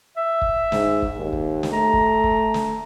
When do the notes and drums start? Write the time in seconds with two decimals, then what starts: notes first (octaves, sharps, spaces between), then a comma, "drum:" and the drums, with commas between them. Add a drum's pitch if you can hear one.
0.17 E5
0.42 drum: kick
0.72 G#2, drum: snare
1.02 drum: kick
1.16 D#2
1.33 drum: kick
1.63 drum: snare
1.72 A3 A#5
1.93 drum: kick
2.24 drum: kick
2.54 drum: snare